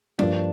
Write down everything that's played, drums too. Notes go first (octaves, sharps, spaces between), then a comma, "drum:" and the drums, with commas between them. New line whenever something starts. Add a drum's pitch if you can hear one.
G2 F3 A#3 D4, drum: tom